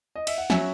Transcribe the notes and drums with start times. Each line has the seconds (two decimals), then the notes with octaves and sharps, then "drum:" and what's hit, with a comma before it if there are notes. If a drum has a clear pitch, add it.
0.16 D#5
0.27 E5, drum: cymbal
0.38 F#5
0.50 F#3 C#4 E5 G#5, drum: snare